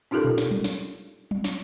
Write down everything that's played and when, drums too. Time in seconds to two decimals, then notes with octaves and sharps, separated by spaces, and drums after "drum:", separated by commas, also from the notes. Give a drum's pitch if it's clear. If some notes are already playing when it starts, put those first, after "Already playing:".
0.11 C#4 D#4 F4 G4 A4 A#4
0.24 drum: tom A#2
0.38 drum: snare
0.51 drum: tom F#3
0.64 drum: snare
1.31 drum: tom F#3
1.44 drum: snare